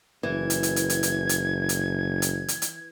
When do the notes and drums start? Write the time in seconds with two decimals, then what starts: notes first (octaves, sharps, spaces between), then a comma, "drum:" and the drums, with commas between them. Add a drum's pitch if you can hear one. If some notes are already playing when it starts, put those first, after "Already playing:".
0.23 F#1 E3 G#6
0.50 drum: hi-hat
0.63 drum: hi-hat
0.76 drum: hi-hat
0.90 drum: hi-hat
1.03 drum: hi-hat
1.29 drum: hi-hat
1.69 drum: hi-hat
2.22 drum: hi-hat
2.48 drum: hi-hat
2.62 drum: hi-hat